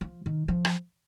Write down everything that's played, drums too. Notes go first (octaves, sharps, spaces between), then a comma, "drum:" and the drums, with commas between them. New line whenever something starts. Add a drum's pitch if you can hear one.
F3
D#3
F3
drum: rim click